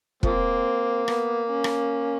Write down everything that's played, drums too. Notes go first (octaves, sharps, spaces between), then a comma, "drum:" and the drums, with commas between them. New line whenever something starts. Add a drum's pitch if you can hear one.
F3 A#3 C4, drum: kick
B3, drum: rim click
C#4
drum: rim click